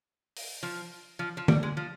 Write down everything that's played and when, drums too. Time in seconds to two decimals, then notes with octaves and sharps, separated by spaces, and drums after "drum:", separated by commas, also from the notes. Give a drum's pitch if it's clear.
0.37 drum: open hi-hat
0.63 F3
1.19 F3
1.37 F3
1.48 G3, drum: tom D3
1.63 G#3
1.77 F3